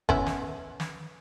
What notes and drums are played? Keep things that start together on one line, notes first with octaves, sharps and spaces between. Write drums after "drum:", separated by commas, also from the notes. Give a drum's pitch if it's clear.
B3 C#4 E4, drum: kick G1
drum: snare
drum: snare